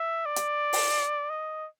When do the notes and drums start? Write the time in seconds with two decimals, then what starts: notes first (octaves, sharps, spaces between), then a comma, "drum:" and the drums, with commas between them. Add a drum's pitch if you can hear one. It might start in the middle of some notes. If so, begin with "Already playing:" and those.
Already playing: E5
0.26 D5
0.36 drum: hi-hat
0.73 drum: open hi-hat
1.30 D#5